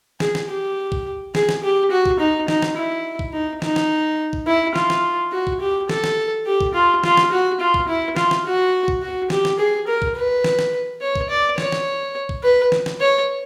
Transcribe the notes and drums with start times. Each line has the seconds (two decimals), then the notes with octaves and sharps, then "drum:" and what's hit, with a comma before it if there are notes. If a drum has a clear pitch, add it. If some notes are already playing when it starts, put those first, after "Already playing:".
0.20 G#4, drum: snare
0.35 drum: snare
0.49 G4
0.92 drum: kick
1.35 G#4, drum: snare
1.49 drum: snare
1.63 G4
1.91 F#4
2.06 drum: kick
2.20 D#4
2.48 D#4, drum: snare
2.62 drum: snare
2.77 E4
3.19 drum: kick
3.33 D#4
3.62 D#4, drum: snare
3.76 drum: snare
4.33 drum: kick
4.47 E4
4.76 F4, drum: snare
4.90 drum: snare
5.32 F#4
5.47 drum: kick
5.61 G4
5.89 A4, drum: snare
6.04 drum: snare
6.46 G4
6.61 drum: kick
6.74 F4
7.04 F4, drum: snare
7.17 drum: snare
7.32 F#4
7.60 F4
7.74 drum: kick
7.88 E4
8.16 F4, drum: snare
8.31 drum: snare
8.45 F#4
8.88 drum: kick
9.02 F#4
9.30 G4, drum: snare
9.45 drum: snare
9.59 G#4
9.88 A#4
10.02 drum: kick
10.16 B4
10.44 drum: snare
10.59 drum: snare
11.01 C#5
11.16 drum: kick
11.29 D5
11.58 C#5, drum: snare
11.72 drum: snare
12.29 drum: kick
12.43 B4
12.72 drum: snare
12.86 drum: snare
13.00 C#5